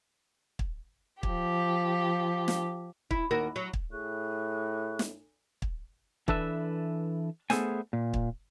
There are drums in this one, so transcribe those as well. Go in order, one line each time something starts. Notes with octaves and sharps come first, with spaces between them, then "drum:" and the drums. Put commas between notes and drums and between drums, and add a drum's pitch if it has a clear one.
drum: kick
F3 G4, drum: kick
drum: snare
E4, drum: kick
D#2 F#4 A#4
F#3
drum: kick
A2 G#4 C#6 F#6
drum: snare
drum: kick
E3 D4 A4 B4 E5, drum: kick
A3 B3 G#4 A4 C5 G#5, drum: snare
A#2
drum: kick